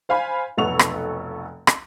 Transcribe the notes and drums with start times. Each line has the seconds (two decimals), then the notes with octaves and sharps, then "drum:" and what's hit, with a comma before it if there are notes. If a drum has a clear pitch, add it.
0.09 C5 F5 G#5 B5
0.57 F1 B1 B3 A4 C#6 F7
0.79 drum: rim click
1.67 drum: rim click